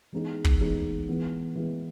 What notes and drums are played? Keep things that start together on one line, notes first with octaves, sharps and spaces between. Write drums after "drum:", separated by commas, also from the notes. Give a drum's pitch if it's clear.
E3 G#3 B3 D#4 G#4
drum: kick
E3 G#3 B3 D#4 G#4
E3 G#3 B3
E3 G#3 B3